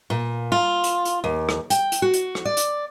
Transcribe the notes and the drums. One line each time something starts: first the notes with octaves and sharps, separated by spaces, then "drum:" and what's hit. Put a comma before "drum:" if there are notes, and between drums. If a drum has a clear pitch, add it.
A#2
F4
drum: hi-hat
drum: hi-hat
D#2
drum: rim click
G5, drum: hi-hat
drum: hi-hat
F#4
drum: hi-hat
drum: rim click
D5
drum: hi-hat